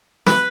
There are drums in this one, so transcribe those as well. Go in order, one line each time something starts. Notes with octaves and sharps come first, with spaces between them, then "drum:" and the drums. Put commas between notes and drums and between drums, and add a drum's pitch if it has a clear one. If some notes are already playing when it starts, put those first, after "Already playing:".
B4, drum: snare